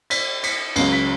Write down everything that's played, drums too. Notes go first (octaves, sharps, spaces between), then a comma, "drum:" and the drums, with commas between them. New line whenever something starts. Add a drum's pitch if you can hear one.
B6, drum: cymbal
B6, drum: cymbal
C#2 C#3 F#3 C7, drum: cymbal
B6